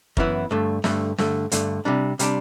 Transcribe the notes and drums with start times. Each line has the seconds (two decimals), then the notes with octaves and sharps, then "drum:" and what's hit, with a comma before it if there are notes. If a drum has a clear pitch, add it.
0.17 F#2 E3 B3 E4, drum: kick
0.51 G2 D3 A3
0.84 G2 D3 A3, drum: snare
1.18 G2 D3 A3, drum: snare
1.52 G2 D3 A3, drum: hi-hat
1.85 C3 G3 D4
2.19 C3 G3 D4, drum: hi-hat